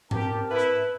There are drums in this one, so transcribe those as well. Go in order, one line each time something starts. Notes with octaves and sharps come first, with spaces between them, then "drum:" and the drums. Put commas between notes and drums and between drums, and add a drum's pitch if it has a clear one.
C4 G4 A#4 A5, drum: tom G#2
E4 B4